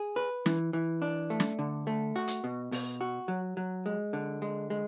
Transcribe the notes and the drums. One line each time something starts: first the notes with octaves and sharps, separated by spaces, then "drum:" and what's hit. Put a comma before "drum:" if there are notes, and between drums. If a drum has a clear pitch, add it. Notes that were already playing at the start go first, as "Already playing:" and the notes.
Already playing: G#4
B4
E3, drum: snare
E3
D4
A3
drum: snare
D3
A3
F#4
drum: hi-hat
B2
B2, drum: open hi-hat
F#4
F#3
F#3
G#3
D3
G#3
G#3